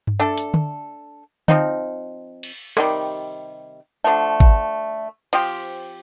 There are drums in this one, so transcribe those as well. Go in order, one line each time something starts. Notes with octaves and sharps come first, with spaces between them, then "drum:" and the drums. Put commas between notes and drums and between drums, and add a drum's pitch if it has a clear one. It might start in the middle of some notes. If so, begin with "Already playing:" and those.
drum: tom G2
A3 D4 A4
drum: hi-hat
drum: tom D3
F3 C4 D#4, drum: tom D3
drum: cymbal
C3 D#3 G3, drum: rim click
D3 F3 A3
drum: kick
F3 C4 G4, drum: cymbal